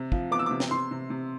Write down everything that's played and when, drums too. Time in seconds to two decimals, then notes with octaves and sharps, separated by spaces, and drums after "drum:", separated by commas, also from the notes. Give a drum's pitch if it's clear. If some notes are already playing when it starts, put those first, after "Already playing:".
Already playing: C3
0.12 F3, drum: kick
0.31 B3 D6
0.39 E6
0.46 C3 D6
0.60 drum: snare
0.71 C3 C6
0.91 C3
1.10 C3